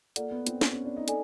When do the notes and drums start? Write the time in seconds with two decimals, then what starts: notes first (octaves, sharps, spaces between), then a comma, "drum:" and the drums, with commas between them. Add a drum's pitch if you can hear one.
0.16 A#3 F4 A4 D5 F#5, drum: hi-hat
0.31 B3
0.47 C4, drum: hi-hat
0.61 C4, drum: snare
0.73 C#4
0.85 D4
0.97 D#4
1.08 A4 D5 G#5, drum: hi-hat